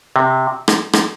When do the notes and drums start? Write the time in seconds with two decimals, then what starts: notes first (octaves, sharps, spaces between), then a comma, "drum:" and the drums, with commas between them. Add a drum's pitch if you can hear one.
0.16 C3
0.68 drum: rim click
0.93 drum: rim click